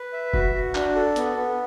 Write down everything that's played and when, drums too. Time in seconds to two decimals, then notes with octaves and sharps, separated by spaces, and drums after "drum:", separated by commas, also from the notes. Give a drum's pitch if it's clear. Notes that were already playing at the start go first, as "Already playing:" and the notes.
Already playing: B4
0.13 E5
0.34 F#4, drum: kick F1
0.54 F#4
0.75 D4, drum: clap
0.96 A4
1.16 B3, drum: hi-hat
1.36 B3